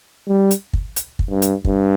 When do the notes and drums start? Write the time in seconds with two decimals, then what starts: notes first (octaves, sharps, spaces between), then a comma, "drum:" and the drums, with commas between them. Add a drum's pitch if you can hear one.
0.28 G3
0.51 drum: hi-hat
0.73 drum: kick
0.96 drum: hi-hat
1.19 drum: kick
1.30 G2
1.42 drum: hi-hat
1.65 G2, drum: kick